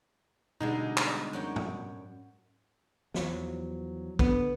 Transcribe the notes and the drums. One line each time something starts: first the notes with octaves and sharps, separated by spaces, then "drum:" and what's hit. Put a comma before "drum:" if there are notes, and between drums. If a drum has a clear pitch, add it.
B2 D3 G3 G#3 D#4
drum: clap
F#2 C#5 G5
drum: tom G#2
E2 F3 F#3, drum: snare
D3 B3, drum: kick A#1